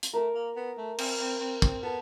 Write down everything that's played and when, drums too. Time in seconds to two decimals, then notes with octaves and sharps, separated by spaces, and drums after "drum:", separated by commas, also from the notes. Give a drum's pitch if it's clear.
0.03 drum: hi-hat
0.13 A3 A#4
0.35 A#3
0.56 B3
0.77 A3
0.99 C4, drum: cymbal
1.20 C4
1.41 C4
1.62 C4, drum: kick
1.83 B3 A4